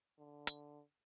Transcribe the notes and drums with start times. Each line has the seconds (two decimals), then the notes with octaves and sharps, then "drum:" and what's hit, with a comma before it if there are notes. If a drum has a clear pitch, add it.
0.18 D3
0.47 drum: hi-hat